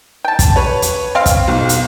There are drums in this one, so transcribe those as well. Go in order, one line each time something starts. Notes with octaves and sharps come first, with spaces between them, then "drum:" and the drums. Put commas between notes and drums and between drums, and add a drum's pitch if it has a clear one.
G5 A5
drum: kick, hi-hat
B4 C#5
drum: hi-hat
C4 F5
drum: kick, hi-hat
B1
drum: hi-hat